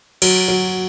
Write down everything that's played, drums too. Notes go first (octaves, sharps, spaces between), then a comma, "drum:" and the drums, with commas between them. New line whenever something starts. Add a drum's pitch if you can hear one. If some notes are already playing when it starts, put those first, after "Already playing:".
F#3, drum: cymbal
F#3